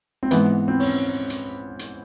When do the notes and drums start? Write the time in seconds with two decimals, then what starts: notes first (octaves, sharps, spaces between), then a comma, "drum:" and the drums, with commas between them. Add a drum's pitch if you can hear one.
0.23 C4
0.31 G#2 E3 B3, drum: hi-hat
0.68 C4
0.80 C#4, drum: open hi-hat
1.30 drum: hi-hat
1.79 drum: hi-hat